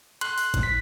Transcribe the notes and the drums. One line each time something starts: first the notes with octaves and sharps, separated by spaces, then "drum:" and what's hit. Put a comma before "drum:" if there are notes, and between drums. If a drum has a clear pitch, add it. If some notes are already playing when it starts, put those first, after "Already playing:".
C6 F#6, drum: hi-hat
drum: open hi-hat
drum: kick G#1, hi-hat
B6